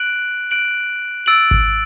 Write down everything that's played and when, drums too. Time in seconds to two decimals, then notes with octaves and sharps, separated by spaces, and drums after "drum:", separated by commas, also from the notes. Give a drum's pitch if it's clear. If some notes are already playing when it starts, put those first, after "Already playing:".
Already playing: F#6 D7 F#7
0.51 F#6 D7 F#7
1.26 E6 A6 D7 F#7
1.51 drum: kick G#1